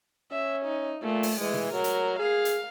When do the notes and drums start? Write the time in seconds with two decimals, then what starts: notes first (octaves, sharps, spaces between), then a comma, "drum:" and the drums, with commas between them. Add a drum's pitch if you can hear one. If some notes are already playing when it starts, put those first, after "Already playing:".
0.31 C#4 E5
0.65 D#4
1.02 A#2 A3
1.23 drum: open hi-hat
1.41 E3 G#3
1.54 drum: tom
1.73 F#3 A#4
1.84 drum: hi-hat
2.19 G#4 F5
2.45 drum: hi-hat